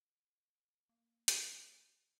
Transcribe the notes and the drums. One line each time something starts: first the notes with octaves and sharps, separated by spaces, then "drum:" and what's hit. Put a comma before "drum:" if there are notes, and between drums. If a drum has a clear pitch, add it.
A#3
drum: hi-hat